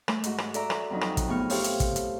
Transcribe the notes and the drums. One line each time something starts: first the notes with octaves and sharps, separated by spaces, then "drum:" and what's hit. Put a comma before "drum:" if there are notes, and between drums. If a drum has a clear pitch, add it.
A3, drum: rim click
G#2 F#4, drum: hi-hat
drum: rim click
A4 D5 E5 A#5, drum: hi-hat
drum: rim click
F2 F#3 D#4
drum: rim click
drum: kick, hi-hat
A2 B3 G#4 C#6 F6
G4 A4 C5 C#5 E5 F5, drum: open hi-hat
drum: hi-hat
drum: kick, hi-hat
drum: hi-hat